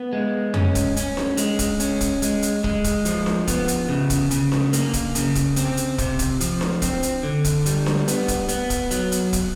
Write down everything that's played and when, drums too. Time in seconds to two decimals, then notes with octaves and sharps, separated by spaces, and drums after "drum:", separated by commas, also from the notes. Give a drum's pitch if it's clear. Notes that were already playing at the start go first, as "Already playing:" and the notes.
Already playing: B3
0.13 G#3
0.54 C#4, drum: tom F2
0.75 drum: kick, hi-hat
0.97 C#4, drum: hi-hat
1.17 drum: snare D4
1.37 G#3, drum: hi-hat
1.59 drum: kick, hi-hat
1.80 C#4, drum: hi-hat
2.01 drum: kick, hi-hat
2.22 G#3, drum: hi-hat
2.42 drum: hi-hat
2.64 G#3, drum: kick
2.84 drum: kick, hi-hat
3.05 F3, drum: hi-hat
3.26 drum: snare D4
3.48 B3, drum: kick, hi-hat
3.68 drum: hi-hat
3.89 C#3
4.10 drum: kick, hi-hat
4.31 C#3, drum: hi-hat
4.52 drum: snare D4
4.73 A#3, drum: hi-hat
4.93 drum: kick, hi-hat
5.15 C#3, drum: hi-hat
5.35 drum: kick, hi-hat
5.56 C4, drum: hi-hat
5.77 drum: hi-hat
5.98 C3, drum: kick, hi-hat
6.19 drum: kick, hi-hat
6.41 F3, drum: hi-hat
6.61 drum: snare D4
6.82 C4, drum: kick, hi-hat
7.03 drum: hi-hat
7.23 D3
7.45 drum: kick, hi-hat
7.66 G3, drum: hi-hat
7.86 drum: snare D4
8.08 B3, drum: hi-hat
8.28 drum: kick, hi-hat
8.49 B3, drum: hi-hat
8.70 drum: kick, hi-hat
8.91 F#3, drum: hi-hat
9.12 drum: hi-hat
9.33 drum: kick, hi-hat